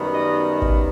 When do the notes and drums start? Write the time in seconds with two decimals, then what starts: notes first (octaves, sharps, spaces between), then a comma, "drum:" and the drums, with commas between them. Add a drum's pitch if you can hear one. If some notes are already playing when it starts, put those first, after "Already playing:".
Already playing: F#2 D#3 G3 B3 D#4
0.13 D#5
0.62 drum: kick